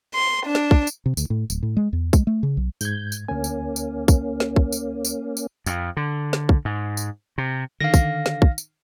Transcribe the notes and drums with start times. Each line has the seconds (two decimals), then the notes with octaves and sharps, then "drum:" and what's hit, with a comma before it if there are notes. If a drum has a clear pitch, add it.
0.15 C6
0.46 D4
0.55 drum: snare
0.71 drum: kick
0.87 drum: tambourine
1.06 C3
1.17 D2, drum: tambourine
1.30 A2
1.50 D1, drum: tambourine
1.63 A2
1.77 G#3
1.93 E2
2.13 G#3, drum: kick, tambourine
2.27 A3
2.43 C#3
2.57 B1
2.81 G#2 G6 G#6, drum: tambourine
3.12 drum: tambourine
3.28 D2 A#3 C#4 G#5
3.44 drum: tambourine
3.76 drum: tambourine
4.08 drum: kick, tambourine
4.40 drum: snare
4.56 drum: kick
4.72 drum: tambourine
5.05 drum: tambourine
5.37 drum: tambourine
5.66 F2, drum: tambourine
5.97 D3
6.33 drum: snare
6.49 drum: kick
6.65 G#2
6.97 drum: tambourine
7.38 C3
7.80 D3 D#3 F5 F6 A#6
7.94 drum: kick, tambourine
8.26 drum: snare
8.42 drum: kick
8.58 drum: tambourine